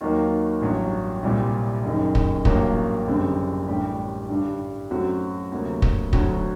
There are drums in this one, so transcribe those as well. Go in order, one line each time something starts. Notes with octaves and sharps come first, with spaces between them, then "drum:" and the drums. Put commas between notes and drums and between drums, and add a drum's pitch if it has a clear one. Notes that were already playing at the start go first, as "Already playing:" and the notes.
D#2 D#3 F#3 A#3
A1 G2 F#3
C2 A#2 G3 C4
F#1 F#2 D#3
drum: kick
A1 G2 F#3 A#3, drum: kick
F#1 F#2 D3 G3 C4
A1 A2 G3 D4 G4
G2 D3 G3
F#2 F#3 A3 C4 F#4
D2 C3 F#3 A#3
drum: kick
D2 D3 F#3 C4 F#4, drum: kick